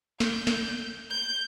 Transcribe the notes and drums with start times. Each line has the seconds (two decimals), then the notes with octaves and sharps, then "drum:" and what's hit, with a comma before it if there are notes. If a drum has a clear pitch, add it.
0.20 G6, drum: snare
0.47 drum: snare
1.10 G6